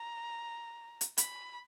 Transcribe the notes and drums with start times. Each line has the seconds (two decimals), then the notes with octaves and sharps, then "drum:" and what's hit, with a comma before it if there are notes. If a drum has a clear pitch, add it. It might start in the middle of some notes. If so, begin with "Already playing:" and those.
Already playing: A#5
1.01 drum: hi-hat
1.18 B5, drum: hi-hat